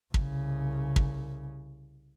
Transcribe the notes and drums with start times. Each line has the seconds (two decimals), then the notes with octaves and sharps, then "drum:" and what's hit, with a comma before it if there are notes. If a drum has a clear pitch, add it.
0.14 C2 C#3, drum: kick
0.96 drum: kick